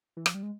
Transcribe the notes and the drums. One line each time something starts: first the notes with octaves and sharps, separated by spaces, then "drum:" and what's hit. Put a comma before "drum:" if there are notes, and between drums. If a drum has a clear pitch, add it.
E3
F3, drum: rim click
G3
G#3